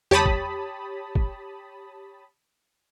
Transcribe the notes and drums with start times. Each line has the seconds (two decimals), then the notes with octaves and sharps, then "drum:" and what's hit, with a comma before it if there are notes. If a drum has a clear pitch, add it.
0.11 G4 C#5 A5 B5 D#6, drum: tom E2
0.26 drum: kick
1.15 drum: kick